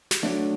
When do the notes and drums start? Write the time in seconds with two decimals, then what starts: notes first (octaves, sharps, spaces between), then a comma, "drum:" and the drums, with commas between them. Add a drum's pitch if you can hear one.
0.11 drum: snare
0.23 F#3 A3 D4